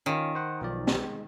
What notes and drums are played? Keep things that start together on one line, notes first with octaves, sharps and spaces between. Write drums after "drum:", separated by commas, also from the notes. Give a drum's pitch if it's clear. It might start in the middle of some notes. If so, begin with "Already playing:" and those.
D#3 C#4 F4
C5 F#5
B1 F3 D5
drum: snare
G#3